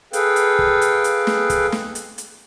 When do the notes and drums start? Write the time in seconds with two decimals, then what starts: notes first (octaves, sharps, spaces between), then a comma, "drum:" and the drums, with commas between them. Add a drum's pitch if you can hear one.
0.13 G#4 A4 B4 F5 G5, drum: hi-hat
0.36 drum: hi-hat
0.59 drum: kick
0.81 drum: hi-hat
1.04 drum: hi-hat
1.27 drum: snare
1.50 drum: kick, hi-hat
1.72 drum: snare
1.95 drum: hi-hat
2.18 drum: hi-hat